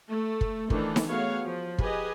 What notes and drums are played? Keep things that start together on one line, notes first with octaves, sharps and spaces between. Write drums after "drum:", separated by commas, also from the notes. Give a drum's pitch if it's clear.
A3
drum: kick
D#3 E3 A3 D4 A4, drum: kick
drum: snare D#4
A3 B3 F#4 G#4 C#5 F5
F3
G4 G#4 B4 D#5 G#5, drum: kick